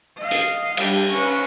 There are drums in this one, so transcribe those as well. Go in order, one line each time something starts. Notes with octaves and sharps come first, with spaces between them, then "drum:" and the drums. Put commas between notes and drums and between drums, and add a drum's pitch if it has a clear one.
D#5 F5
drum: hi-hat
G3 D4, drum: cymbal
C#4 B4